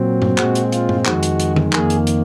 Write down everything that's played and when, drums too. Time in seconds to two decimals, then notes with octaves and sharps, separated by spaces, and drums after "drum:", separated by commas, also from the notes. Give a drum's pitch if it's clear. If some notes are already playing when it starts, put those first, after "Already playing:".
Already playing: A#2 F#3 C4
0.22 drum: tom G2
0.38 A#2 G#3 C4 F#4, drum: clap
0.55 drum: hi-hat
0.72 F4, drum: hi-hat
0.89 drum: tom G2
1.05 F2 D#3 G#3 F#4, drum: clap
1.23 drum: hi-hat
1.40 drum: hi-hat
1.56 drum: tom D3
1.73 F2 D#3 A#3 G#4, drum: clap
1.90 drum: hi-hat
2.07 drum: hi-hat